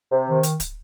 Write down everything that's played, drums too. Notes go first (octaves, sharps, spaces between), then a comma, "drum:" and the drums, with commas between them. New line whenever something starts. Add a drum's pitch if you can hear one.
C3
D#3
drum: hi-hat
drum: kick, hi-hat